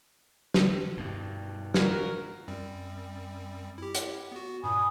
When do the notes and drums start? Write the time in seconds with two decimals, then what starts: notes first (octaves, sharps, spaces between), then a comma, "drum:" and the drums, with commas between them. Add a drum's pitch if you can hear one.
0.54 drum: snare
0.97 G2 B2
1.74 D4 F4 F#4 A#4, drum: snare
2.48 F#2 G3 C4
3.78 E4 G4
3.95 drum: hi-hat
4.32 B3 F#4
4.64 G2 A#2 G#5 B5 D#6